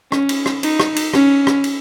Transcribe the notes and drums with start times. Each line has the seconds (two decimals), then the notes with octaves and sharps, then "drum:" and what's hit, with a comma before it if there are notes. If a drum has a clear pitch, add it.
0.12 C#4, drum: rim click
0.29 drum: cymbal
0.46 drum: rim click
0.63 D#4, drum: cymbal
0.80 drum: rim click
0.96 drum: cymbal
1.13 C#4, drum: rim click
1.47 drum: rim click
1.64 drum: cymbal